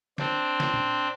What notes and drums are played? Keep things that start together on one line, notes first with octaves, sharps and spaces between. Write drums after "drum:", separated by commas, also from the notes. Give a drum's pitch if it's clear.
C4 D4, drum: snare
drum: snare
drum: tom A#2